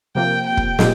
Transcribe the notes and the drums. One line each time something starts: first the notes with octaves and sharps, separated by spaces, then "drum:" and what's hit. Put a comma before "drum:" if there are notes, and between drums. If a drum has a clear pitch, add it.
C3 F3 A#3 G5
G5
drum: kick
A#2 G#3, drum: snare